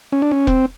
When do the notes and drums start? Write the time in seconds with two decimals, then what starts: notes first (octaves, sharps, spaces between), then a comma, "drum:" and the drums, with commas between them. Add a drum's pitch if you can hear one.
0.12 C#4
0.22 D4
0.31 C#4
0.47 C4, drum: kick E1